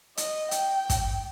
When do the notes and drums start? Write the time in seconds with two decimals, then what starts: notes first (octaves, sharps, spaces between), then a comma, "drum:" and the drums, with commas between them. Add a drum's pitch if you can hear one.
0.17 D#5, drum: hi-hat
0.51 G5, drum: hi-hat
0.90 drum: kick, hi-hat